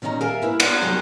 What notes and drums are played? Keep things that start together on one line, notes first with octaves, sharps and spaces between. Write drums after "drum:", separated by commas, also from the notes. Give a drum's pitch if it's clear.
A#2 D#3 C#4 E4 G5 A#5
A#4 E5 F5 G#5 A5
A#3 E4 A#4 B4
B3 F#5 A5, drum: cymbal
G2 C3 F#3 A#3 G#5